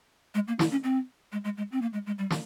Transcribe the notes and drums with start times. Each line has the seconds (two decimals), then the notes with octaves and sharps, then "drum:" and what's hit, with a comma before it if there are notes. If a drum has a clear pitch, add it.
0.35 G#3
0.48 A#3
0.59 E4, drum: snare
0.71 C#4
0.84 C4
1.32 G#3
1.44 G#3
1.57 G#3
1.72 C4
1.82 A#3
1.93 G#3
2.06 G#3
2.18 G3
2.30 drum: snare